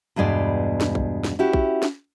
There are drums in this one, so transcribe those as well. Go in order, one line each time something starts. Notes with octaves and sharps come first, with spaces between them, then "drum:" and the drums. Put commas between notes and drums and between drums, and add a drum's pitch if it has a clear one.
E2 G2 B2 G#3 D5
drum: snare
drum: kick A#1
drum: snare
C#4 E4 F#4 G4
drum: kick A#1
drum: snare